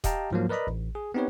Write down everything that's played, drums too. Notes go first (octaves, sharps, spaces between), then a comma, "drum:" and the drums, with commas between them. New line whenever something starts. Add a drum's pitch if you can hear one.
G4 D#5 F5 G5 A5 A#5, drum: kick D#1, hi-hat
G#2 F3 F#3 A#3
A#4 B4 D5 D#5 A#5 B5
A1
G#4
B3 C4 D#4 G4 B4 C#5